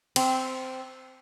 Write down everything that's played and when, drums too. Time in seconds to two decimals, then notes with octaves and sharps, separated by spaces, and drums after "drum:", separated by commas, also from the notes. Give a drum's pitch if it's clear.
0.16 C4, drum: cymbal